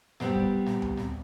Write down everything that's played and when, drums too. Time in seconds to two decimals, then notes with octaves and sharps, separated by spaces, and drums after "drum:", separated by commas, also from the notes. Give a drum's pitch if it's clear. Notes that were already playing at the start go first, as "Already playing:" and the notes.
0.20 G3 B3 C4, drum: snare
0.36 drum: kick
0.66 drum: snare
0.82 drum: tom D2
0.97 drum: snare